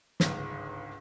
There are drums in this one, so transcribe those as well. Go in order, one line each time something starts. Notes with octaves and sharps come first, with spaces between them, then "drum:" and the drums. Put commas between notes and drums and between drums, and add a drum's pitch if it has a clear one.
G1 C#2 G#2, drum: snare